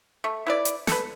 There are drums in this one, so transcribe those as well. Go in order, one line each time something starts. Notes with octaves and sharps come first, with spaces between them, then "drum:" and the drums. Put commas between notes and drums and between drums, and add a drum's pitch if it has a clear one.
A3
E4 B4 D5
drum: hi-hat
A4 B4, drum: snare